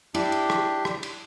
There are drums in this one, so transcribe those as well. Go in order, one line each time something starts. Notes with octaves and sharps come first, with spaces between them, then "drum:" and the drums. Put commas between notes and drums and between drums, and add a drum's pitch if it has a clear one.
D4 E4 G4, drum: cymbal
drum: cymbal
drum: rim click
drum: rim click
drum: cymbal